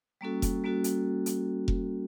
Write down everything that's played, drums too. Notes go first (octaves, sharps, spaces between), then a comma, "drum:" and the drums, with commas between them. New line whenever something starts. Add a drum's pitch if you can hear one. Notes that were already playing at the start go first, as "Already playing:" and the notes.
G3 A#3 C#4 F#4 A4
drum: kick F1, hi-hat
G3 A#3 C#4 F#4 A4
drum: hi-hat
drum: hi-hat
drum: kick F1